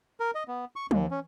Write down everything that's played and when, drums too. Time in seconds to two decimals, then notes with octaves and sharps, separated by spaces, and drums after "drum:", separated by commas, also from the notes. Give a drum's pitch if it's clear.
0.20 A#4
0.35 D#5
0.48 B3
0.76 C#6
0.91 D#2, drum: tom
1.11 C#4